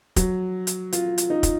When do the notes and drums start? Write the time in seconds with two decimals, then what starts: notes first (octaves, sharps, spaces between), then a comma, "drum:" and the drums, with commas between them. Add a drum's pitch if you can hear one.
0.16 F#3, drum: kick, hi-hat
0.67 drum: hi-hat
0.93 F4, drum: hi-hat
1.18 drum: hi-hat
1.30 D#4
1.43 drum: kick, hi-hat